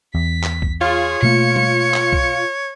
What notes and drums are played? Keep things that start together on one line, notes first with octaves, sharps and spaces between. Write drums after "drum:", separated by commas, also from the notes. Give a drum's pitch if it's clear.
E2 B6
drum: clap
drum: kick B1
F4 G#4 C#5
B2 A3 A#3 C#7
drum: tom
drum: clap
drum: kick B1